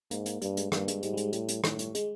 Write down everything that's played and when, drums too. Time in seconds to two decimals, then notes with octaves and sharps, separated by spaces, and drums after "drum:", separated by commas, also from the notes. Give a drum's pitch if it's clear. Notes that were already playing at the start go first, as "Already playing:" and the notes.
0.11 G#2 A#3, drum: hi-hat
0.26 A#3, drum: hi-hat
0.42 G2 G3, drum: hi-hat
0.57 G#3, drum: hi-hat
0.72 G2 A#3, drum: rim click
0.88 G#3, drum: hi-hat
1.03 G#2 G3, drum: hi-hat
1.14 G3
1.17 G#3, drum: hi-hat
1.33 A2 G3, drum: hi-hat
1.48 drum: hi-hat
1.64 A2, drum: rim click
1.79 drum: hi-hat
1.95 G#3, drum: hi-hat